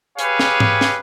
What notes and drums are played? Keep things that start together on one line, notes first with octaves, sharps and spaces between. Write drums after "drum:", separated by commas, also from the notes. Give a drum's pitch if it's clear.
G4 G#4 B4 C#5 F5 G#5, drum: hi-hat
drum: snare
drum: tom G#2
drum: snare